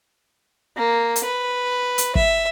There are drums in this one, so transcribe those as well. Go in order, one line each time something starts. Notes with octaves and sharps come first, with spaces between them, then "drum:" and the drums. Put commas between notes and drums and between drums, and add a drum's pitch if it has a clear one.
A#3
drum: hi-hat
B4
drum: hi-hat
E5, drum: kick